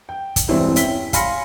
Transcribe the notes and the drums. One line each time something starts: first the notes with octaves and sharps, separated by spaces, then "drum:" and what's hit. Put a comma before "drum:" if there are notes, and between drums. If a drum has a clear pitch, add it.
G5
drum: kick, hi-hat
E1 G2 E3 C4 C#5
C#4 E4 G5 B6 G7, drum: hi-hat
F5 G#5 B5 C6 A#6 C#7, drum: kick, hi-hat